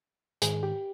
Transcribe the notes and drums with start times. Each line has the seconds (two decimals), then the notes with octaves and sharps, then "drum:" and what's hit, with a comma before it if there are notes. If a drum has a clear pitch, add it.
0.42 G#2 D#3 G#4, drum: hi-hat
0.63 G4